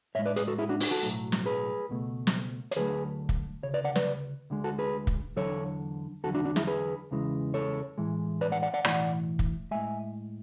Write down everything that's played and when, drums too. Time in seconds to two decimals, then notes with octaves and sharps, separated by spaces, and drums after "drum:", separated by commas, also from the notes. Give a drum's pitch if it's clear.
0.15 A2 G#3 C#5 E5
0.26 B4 D5
0.36 G#4 B4, drum: hi-hat
0.48 F#4 A4
0.58 E4 G#4
0.69 D4 F#4
0.80 D4 F#4, drum: open hi-hat
0.91 F#4 A4
1.02 B1 A2 F#3 A3
1.32 drum: snare
1.46 G#4 B4
1.89 C#2 B2 A3
2.27 drum: snare
2.71 C#5, drum: hi-hat
2.76 D2 D3 F#3 A3 G#4 B4
3.29 drum: kick
3.63 D2 C#3 C#5
3.74 B4 D5
3.84 D5 F#5
3.96 B4 D5, drum: snare
4.50 D2 D3 G#3
4.64 F#4 A4
4.79 G#4 B4
5.07 drum: kick
5.37 E2 D3 F#3 A4 C#5
6.24 E2 D3 F#3 F#4 A4
6.34 D4 F#4
6.45 D4 F#4
6.56 E4 G#4, drum: snare
6.67 G#4 B4
7.11 E2 C#3 E3 G#3
7.54 A4 C#5
7.98 A2 E3 G#3
8.41 B4 D5
8.52 D5 F#5
8.62 D5 F#5
8.74 D5 F#5
8.85 B1 A2 E3 D5 F#5, drum: rim click
9.39 drum: kick
9.71 A2 G#3 E5 G#5